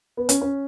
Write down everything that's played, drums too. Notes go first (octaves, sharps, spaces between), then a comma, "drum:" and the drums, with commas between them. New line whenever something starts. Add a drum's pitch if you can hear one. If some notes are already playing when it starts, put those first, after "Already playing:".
B3
C#4, drum: hi-hat
C#4